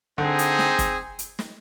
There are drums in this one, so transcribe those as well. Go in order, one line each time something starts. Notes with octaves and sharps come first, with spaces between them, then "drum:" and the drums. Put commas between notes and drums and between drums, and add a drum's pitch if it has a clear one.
D3 C4 D#4 G#4
drum: hi-hat
drum: snare
drum: kick, hi-hat
drum: hi-hat
drum: snare